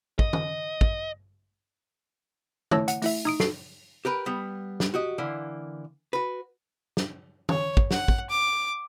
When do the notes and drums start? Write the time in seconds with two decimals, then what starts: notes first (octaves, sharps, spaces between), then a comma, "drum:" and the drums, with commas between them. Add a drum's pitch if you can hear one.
0.19 D#5, drum: kick
0.33 drum: tom D#3
0.81 drum: kick
2.71 A3 E4 C#5 A5 E6 A#6, drum: tom D#3
2.88 F#5, drum: hi-hat
3.02 A3 E4 E5, drum: open hi-hat
3.25 D#4 D#6 D7
3.40 F#4 A4 C7, drum: snare
4.05 G4 A#4 B4
4.26 G3 B3
4.80 drum: snare
4.94 F#4 G4 D#5
5.18 D3 E3 A#3
6.13 F#4 B4
6.97 drum: snare
7.49 C#5, drum: tom D#3
7.77 drum: kick
7.91 F#5, drum: snare
8.08 drum: kick
8.30 D6